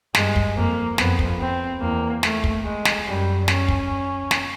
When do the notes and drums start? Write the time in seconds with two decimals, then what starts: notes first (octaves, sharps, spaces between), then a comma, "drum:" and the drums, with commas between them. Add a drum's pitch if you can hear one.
0.15 G2 G#3, drum: snare
0.36 drum: kick
0.56 F2 A#3
0.98 F2 B3, drum: snare
1.19 drum: kick
1.39 C4
1.81 E2 A#3
2.23 A3, drum: snare
2.44 drum: kick
2.64 G#3
2.85 drum: snare
3.07 F#2 G3
3.48 C#4, drum: snare
3.68 drum: kick
4.31 drum: snare